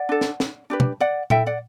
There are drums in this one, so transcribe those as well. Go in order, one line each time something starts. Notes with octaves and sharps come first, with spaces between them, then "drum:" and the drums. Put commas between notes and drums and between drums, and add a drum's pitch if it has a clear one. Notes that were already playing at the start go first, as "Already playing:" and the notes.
Already playing: D5 F#5
D4 A4
drum: snare
drum: snare
D4 G4 B4
drum: tom
D5 F#5
E4 A4 E5 G5, drum: tom A#2
D5 F#5